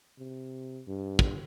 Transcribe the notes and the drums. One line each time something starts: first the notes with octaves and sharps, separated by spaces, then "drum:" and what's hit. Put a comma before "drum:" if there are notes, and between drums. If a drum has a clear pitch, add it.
C3
G2
drum: kick